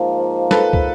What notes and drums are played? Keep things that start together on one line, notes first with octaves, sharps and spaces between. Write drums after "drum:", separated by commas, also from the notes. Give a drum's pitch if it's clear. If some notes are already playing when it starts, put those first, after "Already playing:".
Already playing: G#2 F3 A#3
A4 B4, drum: snare
drum: kick